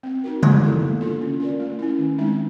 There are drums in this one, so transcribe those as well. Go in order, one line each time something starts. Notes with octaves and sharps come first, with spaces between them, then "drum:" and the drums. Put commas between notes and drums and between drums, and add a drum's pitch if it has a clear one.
C4
D#4 F#4 A#4
G#3, drum: tom C#3
B3 E4 A4 C#5
A#3
D4 F4 A4
C#4
F4 A#4 D5
A3
C#4 E4
D#3
G#3 C4 D#4